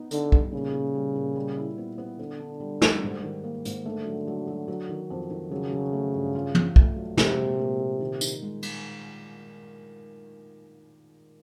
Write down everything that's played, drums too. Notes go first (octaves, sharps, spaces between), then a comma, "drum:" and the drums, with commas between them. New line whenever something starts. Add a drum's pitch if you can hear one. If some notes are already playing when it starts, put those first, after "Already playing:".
Already playing: B3 D#4
D3 D#4, drum: hi-hat
G3, drum: kick
A#2 C#3
A#2
G3
A#2
G3
E4
B3
B3
D3 B3
D4
G3
G3, drum: snare
G#2
D#3
A#3
G#2, drum: hi-hat
D3 A3
F#3
F#3
F#3
F#3
D#3
F2
D#3
C#3 F#3
F#3
A3
G2
F4
F4, drum: tom
A3, drum: kick
F#3
C3 G#3, drum: snare
A#2
A#2
A#2
D#3
D#4, drum: tambourine
G#3
G#3, drum: cymbal